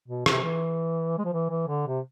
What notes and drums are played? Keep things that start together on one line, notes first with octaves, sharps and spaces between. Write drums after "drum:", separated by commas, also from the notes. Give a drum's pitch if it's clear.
B2
C3, drum: rim click
E3
G#3
F3
E3
E3
D3
C3